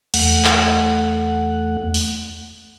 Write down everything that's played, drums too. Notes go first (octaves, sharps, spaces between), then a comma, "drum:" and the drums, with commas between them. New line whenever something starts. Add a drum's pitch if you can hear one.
E2 A3 F#5, drum: cymbal
drum: clap
drum: open hi-hat